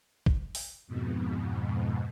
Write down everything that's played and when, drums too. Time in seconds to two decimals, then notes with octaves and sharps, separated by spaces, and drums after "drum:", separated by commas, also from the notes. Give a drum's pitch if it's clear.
0.26 drum: kick
0.55 drum: open hi-hat
0.87 F2 G#2 B2